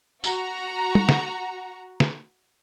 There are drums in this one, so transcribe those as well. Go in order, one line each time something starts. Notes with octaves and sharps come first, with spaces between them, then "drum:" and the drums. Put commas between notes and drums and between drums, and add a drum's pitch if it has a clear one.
F#4 A#5, drum: tambourine
drum: tom
drum: snare
drum: snare